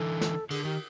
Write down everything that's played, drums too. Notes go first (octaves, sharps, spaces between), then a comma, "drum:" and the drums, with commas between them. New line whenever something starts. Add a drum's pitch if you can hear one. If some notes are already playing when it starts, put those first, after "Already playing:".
Already playing: D3 E3 A4
drum: snare
D3 G#4, drum: cymbal
D#3 G4